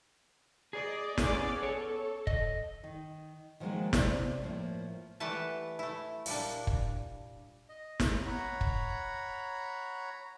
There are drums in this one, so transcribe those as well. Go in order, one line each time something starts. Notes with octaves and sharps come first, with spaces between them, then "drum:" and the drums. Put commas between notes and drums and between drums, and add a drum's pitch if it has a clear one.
G#4 D5 D#5
B3 C#4 G#4 D5, drum: snare
A4 C#5
D#5, drum: kick
D#3
D#3 F3 F#3 G#3 A#3 F#4
C3 D4 D5, drum: snare
A2 F3 A#3
E3 G3 A3 B4 F#5 A5
A3 E4
A#2 G3 D4, drum: open hi-hat
drum: kick
D#5
drum: snare
C#5 F#5 A#5 B5
drum: kick